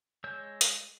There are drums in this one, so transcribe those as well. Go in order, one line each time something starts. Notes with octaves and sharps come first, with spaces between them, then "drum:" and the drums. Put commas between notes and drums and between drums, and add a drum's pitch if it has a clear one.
G#3 C#5 E6 G6
drum: hi-hat